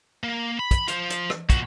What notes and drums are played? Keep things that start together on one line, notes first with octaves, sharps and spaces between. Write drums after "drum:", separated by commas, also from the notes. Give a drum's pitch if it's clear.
A#3
B5
drum: kick, hi-hat
F4 C5, drum: hi-hat
drum: hi-hat
drum: rim click
A#2 F#4, drum: kick, hi-hat